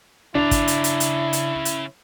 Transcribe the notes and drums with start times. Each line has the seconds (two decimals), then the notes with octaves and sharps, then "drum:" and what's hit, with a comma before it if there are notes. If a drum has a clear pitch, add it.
0.35 C#3 D4 E4 A#5
0.51 drum: kick, hi-hat
0.68 drum: hi-hat
0.84 drum: hi-hat
1.00 drum: hi-hat
1.33 drum: hi-hat
1.65 drum: hi-hat